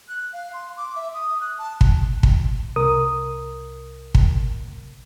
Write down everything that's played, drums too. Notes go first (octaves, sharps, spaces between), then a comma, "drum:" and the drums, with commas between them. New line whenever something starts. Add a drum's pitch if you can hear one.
F#6
F5
C6
D6
E5
D#6
F#6
A5
drum: kick
drum: kick
C2 A#4 D#6
drum: kick